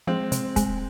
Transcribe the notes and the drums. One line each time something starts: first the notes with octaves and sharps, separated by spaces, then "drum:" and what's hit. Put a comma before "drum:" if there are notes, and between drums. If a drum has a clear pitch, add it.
F3 G#3 C4
C3, drum: hi-hat
G#3, drum: kick, hi-hat